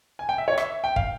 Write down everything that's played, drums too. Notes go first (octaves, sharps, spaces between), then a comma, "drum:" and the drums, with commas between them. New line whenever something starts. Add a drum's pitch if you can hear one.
G#5
G5
E5
C#5
E5, drum: rim click
G5
F5, drum: kick